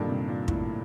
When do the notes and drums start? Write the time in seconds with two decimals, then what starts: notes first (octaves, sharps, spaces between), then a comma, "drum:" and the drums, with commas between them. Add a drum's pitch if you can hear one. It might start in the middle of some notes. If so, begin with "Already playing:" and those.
Already playing: G2 A#2 D#3 A#3 D4 A4
0.08 C3
0.28 A#2
0.48 A2, drum: kick